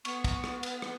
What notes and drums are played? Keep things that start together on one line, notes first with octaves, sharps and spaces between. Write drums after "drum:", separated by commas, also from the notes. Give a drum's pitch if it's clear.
B3 C#6, drum: cymbal
drum: kick, cymbal
drum: rim click
drum: cymbal
drum: rim click